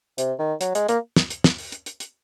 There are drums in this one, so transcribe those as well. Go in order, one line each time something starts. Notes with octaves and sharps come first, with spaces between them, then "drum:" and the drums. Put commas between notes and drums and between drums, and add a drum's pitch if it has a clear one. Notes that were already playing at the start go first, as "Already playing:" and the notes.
C3, drum: hi-hat
D#3
F#3, drum: hi-hat
G#3, drum: hi-hat
A#3, drum: hi-hat
drum: snare
drum: hi-hat
drum: snare
drum: open hi-hat
drum: hi-hat
drum: hi-hat
drum: hi-hat